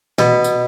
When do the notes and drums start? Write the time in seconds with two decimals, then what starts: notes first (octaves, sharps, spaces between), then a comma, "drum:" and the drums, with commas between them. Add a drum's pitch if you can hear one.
0.18 B2, drum: snare
0.44 drum: tambourine